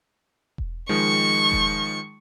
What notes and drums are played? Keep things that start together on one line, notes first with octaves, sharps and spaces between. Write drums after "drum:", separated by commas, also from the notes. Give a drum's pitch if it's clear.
drum: kick E1
D#3 F3 G#3 C#6
drum: kick E1